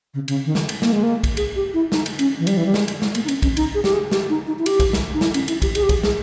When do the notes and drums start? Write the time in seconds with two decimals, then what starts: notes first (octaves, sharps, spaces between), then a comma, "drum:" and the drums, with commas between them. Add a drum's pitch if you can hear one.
0.14 C#3
0.28 C#3, drum: cymbal
0.46 D#3
0.55 drum: snare
0.69 drum: cymbal
0.82 A#3, drum: snare
0.92 G#3
1.03 A#3
1.24 drum: kick, cymbal
1.37 G#4, drum: cymbal
1.56 G4
1.74 E4
1.92 D#4, drum: snare
2.06 drum: cymbal
2.19 C#4, drum: cymbal
2.39 E3
2.47 G3, drum: cymbal
2.57 E3
2.66 G3
2.74 G#3, drum: snare
2.88 drum: cymbal
3.02 G#3, drum: snare
3.15 A#3, drum: cymbal
3.24 D#4
3.28 C#4, drum: cymbal
3.42 C#4, drum: kick, cymbal
3.57 D#4, drum: cymbal
3.75 G#4
3.84 G4, drum: snare
3.93 G#4
4.11 G4, drum: snare
4.30 D#4
4.47 D#4
4.59 E4
4.66 G4, drum: cymbal
4.80 drum: kick, cymbal
4.93 drum: snare
5.14 D#4
5.21 E4, drum: snare
5.34 C#4, drum: cymbal
5.48 E4, drum: cymbal
5.62 G4, drum: kick, cymbal
5.75 G#4, drum: cymbal
5.83 G4
5.89 G#4, drum: kick, cymbal
6.03 G#4, drum: snare